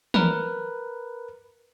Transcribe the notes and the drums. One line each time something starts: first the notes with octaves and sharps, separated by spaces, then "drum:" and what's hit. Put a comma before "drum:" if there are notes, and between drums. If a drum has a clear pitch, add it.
A#4 B4, drum: tom